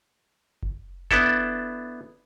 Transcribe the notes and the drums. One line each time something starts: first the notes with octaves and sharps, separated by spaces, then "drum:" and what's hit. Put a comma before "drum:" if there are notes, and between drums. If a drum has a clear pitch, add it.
drum: kick F#1
B3 D4 E4 A4, drum: kick F#1